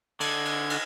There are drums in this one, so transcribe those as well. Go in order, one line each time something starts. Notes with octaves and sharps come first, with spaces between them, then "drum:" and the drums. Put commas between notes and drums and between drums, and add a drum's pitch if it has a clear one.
D3 D#5 G#6, drum: cymbal
drum: cymbal
drum: cymbal